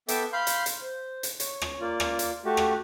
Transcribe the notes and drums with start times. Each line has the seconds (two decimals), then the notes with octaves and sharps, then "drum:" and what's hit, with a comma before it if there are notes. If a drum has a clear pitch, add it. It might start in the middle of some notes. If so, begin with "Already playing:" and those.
0.08 B3 A4 E5 G5 D6 E6, drum: hi-hat
0.33 F5 B5 C6 G6
0.47 drum: hi-hat
0.66 drum: hi-hat
0.81 C5
1.23 drum: hi-hat
1.40 C#5, drum: hi-hat
1.62 drum: rim click
1.81 A#3 F4 D5
2.00 drum: rim click
2.19 drum: hi-hat
2.45 A3 F#4 G4
2.57 drum: rim click